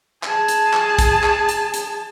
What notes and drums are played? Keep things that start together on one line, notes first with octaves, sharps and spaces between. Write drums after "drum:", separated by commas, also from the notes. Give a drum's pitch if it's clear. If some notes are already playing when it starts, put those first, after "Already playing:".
G#4 A5, drum: clap
drum: hi-hat
drum: clap
drum: kick, hi-hat
drum: clap
drum: hi-hat
drum: hi-hat